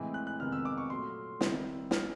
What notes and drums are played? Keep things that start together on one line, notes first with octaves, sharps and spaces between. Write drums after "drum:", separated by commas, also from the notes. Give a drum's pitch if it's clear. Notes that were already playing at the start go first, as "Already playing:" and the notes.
Already playing: A2 E3 G#3 C4 E4
F#6
F#6
F2 C3 D#3 G#3 B3 F6
E6
D6
C#6
A#2 F#3 A3 C6
D#3 G3 C4 E4, drum: snare
B2 G#3 C#4 F6, drum: snare